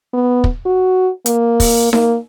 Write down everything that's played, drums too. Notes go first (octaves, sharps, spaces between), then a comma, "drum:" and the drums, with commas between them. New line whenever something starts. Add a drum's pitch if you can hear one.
B3
drum: kick
F#4
A#3, drum: hi-hat
drum: kick, open hi-hat
A#3, drum: snare D#4